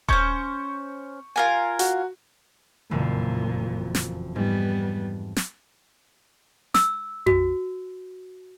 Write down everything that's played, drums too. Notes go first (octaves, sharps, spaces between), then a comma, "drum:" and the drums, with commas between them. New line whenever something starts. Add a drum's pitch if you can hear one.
C#4 C5 C#6 G6, drum: kick D#1
F4 A#4 G#5
F#4, drum: hi-hat
F#1 F2 A#2 E3
drum: snare
G#2 G3 B3
drum: snare
E6, drum: snare
F#4, drum: tom F2